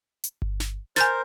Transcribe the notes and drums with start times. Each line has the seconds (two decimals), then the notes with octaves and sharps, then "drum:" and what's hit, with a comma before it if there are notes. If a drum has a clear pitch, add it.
0.24 drum: hi-hat
0.42 drum: kick G1
0.60 drum: snare
0.96 A#4 C5 G#5 G6 A6, drum: snare